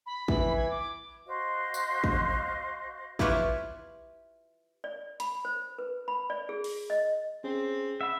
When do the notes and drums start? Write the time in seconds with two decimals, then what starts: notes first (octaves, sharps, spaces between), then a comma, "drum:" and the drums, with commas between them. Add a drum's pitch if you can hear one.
0.06 B5
0.28 E3, drum: kick
0.56 G#6
0.69 D6
1.26 F#4 C5 D#5 F5
1.74 drum: tambourine
2.04 drum: kick
3.19 E4 F4 G4 B4 C#5 E5, drum: kick
4.84 D5
5.20 B5, drum: hi-hat
5.45 C5
5.78 B4
6.08 B5
6.30 D5
6.49 G#4
6.64 drum: open hi-hat
6.90 D#5
7.44 C4 C#4 G#4
8.01 E5 F#5 B5